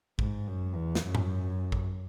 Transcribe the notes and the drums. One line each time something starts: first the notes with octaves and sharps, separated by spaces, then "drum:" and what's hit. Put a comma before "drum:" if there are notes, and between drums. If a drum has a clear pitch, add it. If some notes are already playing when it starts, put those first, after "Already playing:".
G#2, drum: kick
F#2
E2
drum: snare
F#2
drum: tom G#2
drum: kick